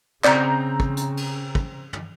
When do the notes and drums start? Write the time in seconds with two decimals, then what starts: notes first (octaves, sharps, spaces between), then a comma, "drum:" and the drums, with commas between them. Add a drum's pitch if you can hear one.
0.24 C#3 C4 D5 A#5 G6, drum: clap
0.80 drum: kick
0.97 drum: hi-hat
1.17 drum: cymbal
1.55 drum: kick
1.93 drum: tom